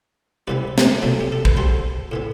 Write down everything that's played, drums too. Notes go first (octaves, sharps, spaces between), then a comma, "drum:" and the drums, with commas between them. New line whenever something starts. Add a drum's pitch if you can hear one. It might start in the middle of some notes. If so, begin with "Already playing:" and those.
C2 C3 E3 G3 B3 B4 D5
drum: snare
C2 B2 F#3 A3 D4
G4
A4
B4, drum: kick
D2 D3 G3 A4 C5
A2 E3 B3